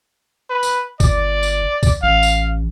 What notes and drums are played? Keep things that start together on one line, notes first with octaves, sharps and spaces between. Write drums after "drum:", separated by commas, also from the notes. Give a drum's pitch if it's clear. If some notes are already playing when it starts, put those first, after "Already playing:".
B4
drum: tambourine
G1 D5, drum: kick, tambourine
drum: tambourine
drum: kick, tambourine
A1 F5
drum: tambourine